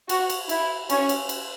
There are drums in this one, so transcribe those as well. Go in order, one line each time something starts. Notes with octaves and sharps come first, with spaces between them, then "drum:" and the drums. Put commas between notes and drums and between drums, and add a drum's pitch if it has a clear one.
F#4, drum: cymbal
drum: cymbal
E4, drum: cymbal
C#4, drum: cymbal
drum: cymbal
drum: cymbal